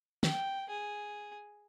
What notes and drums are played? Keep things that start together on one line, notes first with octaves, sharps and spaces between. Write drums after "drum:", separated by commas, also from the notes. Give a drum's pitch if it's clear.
G5, drum: snare
G#4